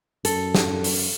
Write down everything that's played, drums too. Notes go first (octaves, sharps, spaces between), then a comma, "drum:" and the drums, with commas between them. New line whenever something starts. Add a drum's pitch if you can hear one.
F#2 A4, drum: hi-hat
drum: snare
drum: open hi-hat